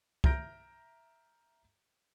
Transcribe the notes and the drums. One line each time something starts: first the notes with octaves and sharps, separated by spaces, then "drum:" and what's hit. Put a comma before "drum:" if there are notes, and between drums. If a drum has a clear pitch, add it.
E5 A#5 F6 G6 A#6 D7, drum: kick